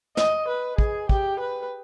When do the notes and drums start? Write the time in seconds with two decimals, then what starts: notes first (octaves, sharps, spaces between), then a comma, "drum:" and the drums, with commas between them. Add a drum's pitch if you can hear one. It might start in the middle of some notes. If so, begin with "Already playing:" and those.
0.17 D#5, drum: snare
0.48 B4
0.78 G#4, drum: kick
1.09 G4, drum: kick
1.40 B4